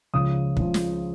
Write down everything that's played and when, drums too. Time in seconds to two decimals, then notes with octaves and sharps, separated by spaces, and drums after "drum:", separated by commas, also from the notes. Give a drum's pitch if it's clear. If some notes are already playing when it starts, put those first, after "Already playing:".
0.14 C#2 C#3 F3 D#6
0.57 C#2 C#3 F3, drum: kick
0.74 drum: snare